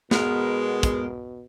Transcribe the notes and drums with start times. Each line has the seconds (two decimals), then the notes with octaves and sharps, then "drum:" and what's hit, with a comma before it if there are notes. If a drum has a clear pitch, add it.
0.11 B2 G#3 B3 A#4, drum: snare
0.83 drum: kick, hi-hat